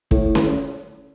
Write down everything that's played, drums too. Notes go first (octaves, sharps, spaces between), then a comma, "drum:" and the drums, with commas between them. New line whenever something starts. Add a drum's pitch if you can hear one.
A2, drum: kick
drum: snare C#4